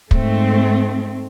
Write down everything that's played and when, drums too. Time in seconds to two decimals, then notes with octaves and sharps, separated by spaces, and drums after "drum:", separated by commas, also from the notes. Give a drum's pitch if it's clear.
0.11 G#2 A3 C4, drum: kick